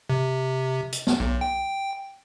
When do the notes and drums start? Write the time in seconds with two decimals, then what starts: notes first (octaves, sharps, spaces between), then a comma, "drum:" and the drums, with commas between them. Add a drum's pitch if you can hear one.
0.10 C3
0.92 drum: hi-hat
1.07 drum: snare
1.20 B1
1.41 G5